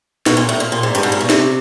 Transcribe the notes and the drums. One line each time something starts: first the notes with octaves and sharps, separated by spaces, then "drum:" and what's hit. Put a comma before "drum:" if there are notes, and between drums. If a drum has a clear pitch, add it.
B2, drum: snare
A#2
A2
A#2
A#2
G#2
G2, drum: tambourine
G#2
A#2
B2
C3, drum: snare